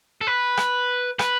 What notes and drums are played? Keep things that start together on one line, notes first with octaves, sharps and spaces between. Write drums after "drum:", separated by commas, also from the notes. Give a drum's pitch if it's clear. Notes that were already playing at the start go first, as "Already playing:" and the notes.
A4
B4
drum: rim click
B4, drum: rim click